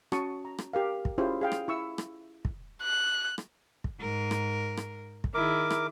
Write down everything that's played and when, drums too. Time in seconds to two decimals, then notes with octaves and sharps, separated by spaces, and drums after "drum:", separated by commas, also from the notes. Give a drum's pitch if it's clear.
0.12 C#4 F#4 A5 C#6 D#6, drum: rim click
0.45 A#5
0.58 drum: rim click
0.73 G4 A#4 F5
1.05 drum: kick
1.18 C#4 E4 F4 G4 G#4 C5
1.41 G#4 F5 G5
1.52 drum: rim click
1.68 E4 C#6 E6
1.98 drum: rim click
2.45 drum: kick
2.83 F#6
3.38 drum: rim click
3.84 drum: kick
4.00 G#2 A#4
4.31 drum: rim click
4.77 drum: rim click
5.24 drum: kick
5.34 D#3 E4 G#4 A#4 D6
5.70 drum: rim click